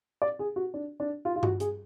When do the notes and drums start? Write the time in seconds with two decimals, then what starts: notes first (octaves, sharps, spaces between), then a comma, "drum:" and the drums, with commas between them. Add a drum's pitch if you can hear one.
0.22 D5
0.39 G#4
0.56 F#4
0.74 D4
1.00 D4
1.25 F4
1.36 F4
1.43 F#4, drum: tom G2
1.60 G#4, drum: hi-hat